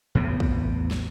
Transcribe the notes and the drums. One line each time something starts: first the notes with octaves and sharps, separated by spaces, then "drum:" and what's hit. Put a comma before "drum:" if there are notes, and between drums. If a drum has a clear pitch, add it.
E2 A2 C3 B3
drum: kick
drum: snare